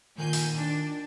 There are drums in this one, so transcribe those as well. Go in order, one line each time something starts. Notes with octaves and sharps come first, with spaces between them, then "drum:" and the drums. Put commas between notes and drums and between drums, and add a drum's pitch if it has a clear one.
A#2 D#3 G#5 G6
drum: open hi-hat
D4